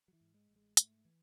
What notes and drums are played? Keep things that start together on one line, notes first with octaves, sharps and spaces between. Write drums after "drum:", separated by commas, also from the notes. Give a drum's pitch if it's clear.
F#3
E3
G#2
G#3
A1
G#3
G#2 A3, drum: hi-hat
E3